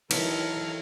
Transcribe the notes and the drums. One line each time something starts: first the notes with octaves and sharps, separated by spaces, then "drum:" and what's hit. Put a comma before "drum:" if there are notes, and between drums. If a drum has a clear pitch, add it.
D#3 E3 F#3 E4 A4 A#5 F6, drum: cymbal